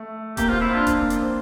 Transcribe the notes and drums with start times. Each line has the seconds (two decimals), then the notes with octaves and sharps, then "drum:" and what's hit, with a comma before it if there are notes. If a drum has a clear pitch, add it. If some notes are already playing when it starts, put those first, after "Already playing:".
Already playing: A3
0.37 A#3 G4, drum: kick D#1, hi-hat
0.49 C4 F4
0.61 C4 E4
0.74 D4 F4
0.87 C4, drum: kick D#1, hi-hat
0.98 A#3
1.10 drum: hi-hat
1.22 C4